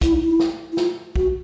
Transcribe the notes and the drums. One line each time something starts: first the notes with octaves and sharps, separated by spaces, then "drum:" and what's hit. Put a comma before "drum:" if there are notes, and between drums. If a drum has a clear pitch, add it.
E4, drum: kick, hi-hat
D#4
E4
drum: snare
E4
F4, drum: snare
F#4, drum: kick